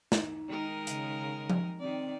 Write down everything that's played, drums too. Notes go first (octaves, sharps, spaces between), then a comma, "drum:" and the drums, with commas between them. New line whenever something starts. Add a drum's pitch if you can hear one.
D#4, drum: snare
D#3 G#3 A#4
C#3, drum: hi-hat
drum: tom F3
D#3 C4 D5